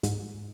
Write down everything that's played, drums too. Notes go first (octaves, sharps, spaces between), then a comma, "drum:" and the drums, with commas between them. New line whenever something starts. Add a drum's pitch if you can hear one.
G#2, drum: hi-hat